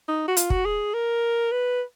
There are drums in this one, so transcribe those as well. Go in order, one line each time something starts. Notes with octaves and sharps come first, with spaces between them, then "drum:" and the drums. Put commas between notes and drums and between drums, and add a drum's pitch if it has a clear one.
D#4
F#4
F4, drum: hi-hat
F#4, drum: kick
G#4
A#4
B4